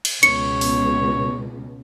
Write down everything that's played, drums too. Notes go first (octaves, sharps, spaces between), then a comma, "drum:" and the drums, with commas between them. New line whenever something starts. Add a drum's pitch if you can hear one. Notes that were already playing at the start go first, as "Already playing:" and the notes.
drum: cymbal
C#2 B2 C#5 C#7, drum: hi-hat
drum: open hi-hat